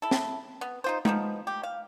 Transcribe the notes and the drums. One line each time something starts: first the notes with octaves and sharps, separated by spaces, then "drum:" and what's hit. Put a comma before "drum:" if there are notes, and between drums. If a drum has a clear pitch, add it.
E4 A4
drum: snare
B3
D#4 F4 C5
F3 A#3 B3 D#4, drum: tom G#3
G4
F5